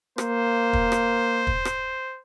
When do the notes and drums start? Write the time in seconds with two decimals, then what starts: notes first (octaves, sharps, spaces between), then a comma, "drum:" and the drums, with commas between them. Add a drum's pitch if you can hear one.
0.18 A#3 C5, drum: rim click
0.73 drum: kick
0.92 drum: rim click
1.47 drum: kick
1.65 drum: rim click